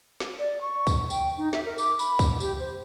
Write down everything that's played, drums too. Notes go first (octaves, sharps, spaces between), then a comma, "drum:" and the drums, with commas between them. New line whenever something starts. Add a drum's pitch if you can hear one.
drum: snare
D5
C#6
drum: kick, tambourine
G5, drum: tambourine
D#4
E5, drum: snare
A#4
D6, drum: tambourine
B5, drum: tambourine
drum: kick, tambourine
G4, drum: tambourine
C5